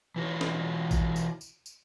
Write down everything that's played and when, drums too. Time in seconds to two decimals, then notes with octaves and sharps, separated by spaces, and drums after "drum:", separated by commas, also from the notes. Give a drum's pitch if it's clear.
0.16 E3 E4 F#4 C#5
0.41 drum: snare
0.91 drum: kick A1, tambourine
1.16 drum: tambourine
1.41 drum: tambourine
1.66 drum: tambourine